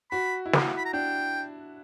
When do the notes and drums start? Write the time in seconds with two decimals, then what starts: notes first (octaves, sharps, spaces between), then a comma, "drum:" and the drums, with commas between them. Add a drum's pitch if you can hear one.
0.11 F#4 B5
0.46 E4
0.53 F#4, drum: snare
0.77 B5
0.85 A#5
0.93 D4 G5